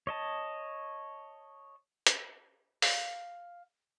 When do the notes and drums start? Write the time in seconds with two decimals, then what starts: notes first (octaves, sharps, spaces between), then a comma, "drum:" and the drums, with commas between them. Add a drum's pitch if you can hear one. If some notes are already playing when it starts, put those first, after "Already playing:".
0.07 C#5 D#5 A5
2.07 drum: hi-hat
2.82 F5, drum: open hi-hat